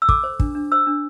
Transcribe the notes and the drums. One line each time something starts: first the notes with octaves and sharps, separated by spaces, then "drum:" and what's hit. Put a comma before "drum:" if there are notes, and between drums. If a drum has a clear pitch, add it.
E6
A4 D6, drum: kick
C5
D4, drum: kick
D4
C5 E6
D4